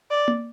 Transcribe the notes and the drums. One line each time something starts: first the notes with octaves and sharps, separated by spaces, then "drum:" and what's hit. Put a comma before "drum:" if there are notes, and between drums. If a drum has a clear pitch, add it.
D5
drum: tom A#3